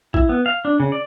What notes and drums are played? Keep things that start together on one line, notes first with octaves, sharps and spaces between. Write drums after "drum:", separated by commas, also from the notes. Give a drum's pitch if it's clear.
E4, drum: kick G#1
B3
F5
D4
C#3
D5